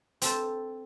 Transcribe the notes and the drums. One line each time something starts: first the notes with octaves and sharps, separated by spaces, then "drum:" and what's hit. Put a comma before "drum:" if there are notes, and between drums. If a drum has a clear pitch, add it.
C4 A4 C5, drum: hi-hat